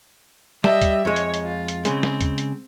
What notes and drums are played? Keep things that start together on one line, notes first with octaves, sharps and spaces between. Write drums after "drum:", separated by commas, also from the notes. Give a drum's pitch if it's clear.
G3 D#5 E5 A5, drum: snare
drum: kick D2, hi-hat
F2 G#3 C#5
drum: hi-hat
drum: hi-hat
F4
drum: hi-hat
C#3 G#3 C4, drum: hi-hat
drum: snare
drum: kick D2, hi-hat
drum: hi-hat